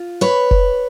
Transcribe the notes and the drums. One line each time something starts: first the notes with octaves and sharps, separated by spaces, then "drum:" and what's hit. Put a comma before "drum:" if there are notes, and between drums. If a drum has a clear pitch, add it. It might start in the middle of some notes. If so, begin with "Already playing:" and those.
Already playing: F4
B4 C#5
drum: kick F1